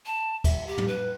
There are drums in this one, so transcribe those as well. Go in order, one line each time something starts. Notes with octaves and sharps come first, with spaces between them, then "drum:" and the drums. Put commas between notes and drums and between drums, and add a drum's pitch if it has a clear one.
A5
E5, drum: kick D2, cymbal
G4
drum: tom
B4